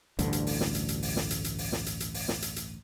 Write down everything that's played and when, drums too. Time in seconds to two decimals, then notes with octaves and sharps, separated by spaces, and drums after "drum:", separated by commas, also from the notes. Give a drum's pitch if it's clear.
0.19 A1 D2 G2 D3, drum: hi-hat
0.33 drum: hi-hat
0.47 drum: open hi-hat
0.61 drum: snare
0.75 drum: hi-hat
0.89 drum: hi-hat
1.03 drum: open hi-hat
1.16 drum: snare
1.30 drum: hi-hat
1.44 drum: hi-hat
1.58 drum: open hi-hat
1.72 drum: snare
1.86 drum: hi-hat
2.00 drum: hi-hat
2.14 drum: open hi-hat
2.28 drum: snare
2.42 drum: hi-hat
2.56 drum: hi-hat